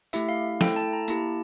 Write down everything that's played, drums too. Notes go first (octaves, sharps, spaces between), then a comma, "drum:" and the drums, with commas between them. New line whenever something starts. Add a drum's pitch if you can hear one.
A3 E4 G4 E5, drum: tambourine
F5
A3 E4 A4 G5, drum: snare
A5
A#5
A#3 E4 G4 A5, drum: tambourine